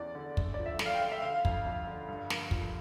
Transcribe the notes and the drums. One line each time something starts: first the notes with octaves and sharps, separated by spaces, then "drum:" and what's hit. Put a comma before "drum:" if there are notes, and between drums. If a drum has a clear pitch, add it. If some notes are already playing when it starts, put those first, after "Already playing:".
Already playing: E2 C#4 D5
D3
A3, drum: kick
F3 D5
E5
A3, drum: snare
F5
G5
A3
E5
D3 F5
F2, drum: kick
F2
D3
G2
A#3, drum: snare
F3, drum: kick